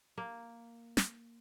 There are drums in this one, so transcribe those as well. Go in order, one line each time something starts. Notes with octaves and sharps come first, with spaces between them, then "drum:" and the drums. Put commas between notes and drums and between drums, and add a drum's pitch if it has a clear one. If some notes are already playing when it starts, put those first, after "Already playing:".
A#3
drum: snare